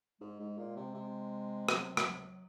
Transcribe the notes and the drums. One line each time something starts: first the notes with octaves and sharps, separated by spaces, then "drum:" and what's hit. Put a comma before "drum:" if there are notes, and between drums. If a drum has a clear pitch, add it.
G#2 G#3
G#2
A#2
C3
C3
F#3, drum: rim click
F3, drum: rim click
F#3